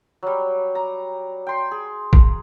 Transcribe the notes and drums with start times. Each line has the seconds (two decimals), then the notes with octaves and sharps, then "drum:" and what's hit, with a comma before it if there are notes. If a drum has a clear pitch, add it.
0.23 F#3 G3
0.75 A#5
1.47 G5 C6
1.71 G#4
2.13 drum: kick